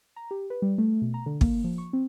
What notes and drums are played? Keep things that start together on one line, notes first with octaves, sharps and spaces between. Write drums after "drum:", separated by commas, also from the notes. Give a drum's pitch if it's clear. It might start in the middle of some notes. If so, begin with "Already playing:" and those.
A#5
G4
B4
G3
A3
B2
A#5
D3
A#3, drum: kick
F3
C#6
C4